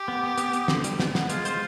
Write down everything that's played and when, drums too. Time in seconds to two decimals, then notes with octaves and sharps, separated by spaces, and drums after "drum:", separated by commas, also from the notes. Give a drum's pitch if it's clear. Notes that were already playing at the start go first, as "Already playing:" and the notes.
Already playing: G4
0.08 B3
0.23 B3
0.38 B3, drum: hi-hat
0.53 B3, drum: hi-hat
0.68 D3, drum: snare
0.84 G3, drum: hi-hat
0.99 B3, drum: snare
1.15 B3, drum: snare
1.29 G#3 F4, drum: hi-hat
1.45 C5, drum: hi-hat